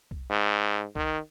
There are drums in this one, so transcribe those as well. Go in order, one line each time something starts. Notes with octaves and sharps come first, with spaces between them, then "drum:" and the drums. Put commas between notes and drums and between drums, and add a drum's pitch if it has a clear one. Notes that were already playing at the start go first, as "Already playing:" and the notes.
drum: kick B1
G#2
D#3, drum: kick B1